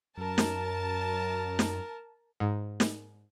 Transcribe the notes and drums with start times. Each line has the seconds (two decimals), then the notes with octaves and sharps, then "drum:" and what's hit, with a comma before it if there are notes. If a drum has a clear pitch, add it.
0.17 F#2 A#4 A5
0.38 drum: snare
1.59 drum: snare
2.40 G#2
2.80 drum: snare